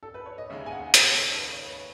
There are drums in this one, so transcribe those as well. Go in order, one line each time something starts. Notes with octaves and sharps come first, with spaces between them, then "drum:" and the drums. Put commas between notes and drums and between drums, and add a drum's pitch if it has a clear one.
A4
B4
C#5
D#5
D#2 C#3 G#3 D#4 E5
G#5
F#5
C#5, drum: hi-hat
A4
B4
C#5
B4